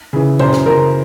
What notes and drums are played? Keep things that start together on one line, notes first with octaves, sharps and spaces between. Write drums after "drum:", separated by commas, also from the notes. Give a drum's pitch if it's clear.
C#3 E3
F#2 C5, drum: tom A#2
drum: snare
C#3 E3 A#4